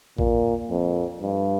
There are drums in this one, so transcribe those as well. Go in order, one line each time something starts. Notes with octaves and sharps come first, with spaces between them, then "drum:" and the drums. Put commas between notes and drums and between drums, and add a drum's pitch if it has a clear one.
A#2, drum: kick A1
F2
G2